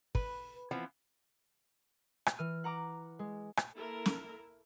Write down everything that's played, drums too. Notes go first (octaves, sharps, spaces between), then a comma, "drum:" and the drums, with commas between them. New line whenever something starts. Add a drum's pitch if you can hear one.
B4, drum: kick
E3 F3 B3 C4
drum: rim click
E3 F6 D#7
F#5 A#5 D6
G#3
drum: rim click
A#3 E4 A4 A#4
drum: snare